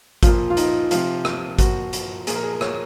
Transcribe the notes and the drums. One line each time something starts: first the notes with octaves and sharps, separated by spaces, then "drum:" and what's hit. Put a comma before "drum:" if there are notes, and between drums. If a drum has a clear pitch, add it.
A#2 F3 F4, drum: kick G#1, hi-hat
F4
D#4, drum: hi-hat
C3 F3 F4, drum: hi-hat
drum: rim click
A#2 F3 F#4, drum: kick G#1, hi-hat
drum: hi-hat
A#2 F3 G#4, drum: hi-hat
A#4
G#4
A#4
C#5, drum: rim click